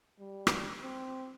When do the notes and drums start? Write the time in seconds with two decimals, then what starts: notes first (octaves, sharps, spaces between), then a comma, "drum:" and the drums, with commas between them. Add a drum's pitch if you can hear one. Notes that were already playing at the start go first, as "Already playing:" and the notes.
0.19 G3
0.47 drum: rim click
0.82 C4